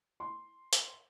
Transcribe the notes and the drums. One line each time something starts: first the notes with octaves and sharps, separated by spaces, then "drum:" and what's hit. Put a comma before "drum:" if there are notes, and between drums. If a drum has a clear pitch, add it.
C6
drum: hi-hat